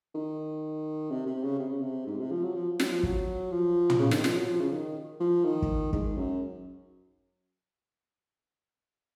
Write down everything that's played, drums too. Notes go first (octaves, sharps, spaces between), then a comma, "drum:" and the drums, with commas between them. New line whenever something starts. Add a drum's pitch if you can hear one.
D#3
C3
C3
C#3
C3
C#3
C3
G#2
C3
F3
F#3
F3
F#3, drum: snare
F3
F#3, drum: kick
F3
drum: tom
C#3
D#3, drum: snare
F3, drum: snare
F#3
F3
C#3
D#3
F3
D#3
drum: kick
G#2, drum: kick
F#2